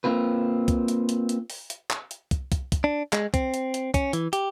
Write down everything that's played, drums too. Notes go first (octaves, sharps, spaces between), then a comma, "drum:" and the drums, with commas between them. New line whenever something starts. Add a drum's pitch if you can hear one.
A#3 C4 F4 B4
drum: kick, hi-hat
drum: hi-hat
drum: hi-hat
drum: hi-hat
drum: open hi-hat
drum: hi-hat
drum: clap
drum: hi-hat
drum: kick, hi-hat
drum: kick, hi-hat
drum: kick, hi-hat
D4
G#3, drum: clap
C4, drum: kick, hi-hat
drum: hi-hat
drum: hi-hat
C#4, drum: kick, hi-hat
E3, drum: hi-hat
G4, drum: hi-hat